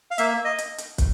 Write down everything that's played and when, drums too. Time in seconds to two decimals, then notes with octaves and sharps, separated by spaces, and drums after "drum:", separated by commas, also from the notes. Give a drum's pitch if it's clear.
0.11 F5
0.18 A#3 E5, drum: hi-hat
0.45 D#5
0.58 drum: hi-hat
0.78 drum: hi-hat
0.98 drum: kick, hi-hat